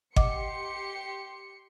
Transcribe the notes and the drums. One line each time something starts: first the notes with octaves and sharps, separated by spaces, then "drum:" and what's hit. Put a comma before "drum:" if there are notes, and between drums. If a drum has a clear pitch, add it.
G4 D#5 F#5 C6 D6 C#7, drum: kick G1